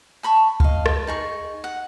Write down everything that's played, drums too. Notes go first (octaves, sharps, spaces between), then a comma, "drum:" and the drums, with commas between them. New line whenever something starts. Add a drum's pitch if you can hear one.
A5 B5 C#6
D#5 F5, drum: kick D2
drum: rim click
D#4 G#4 C#6
F#5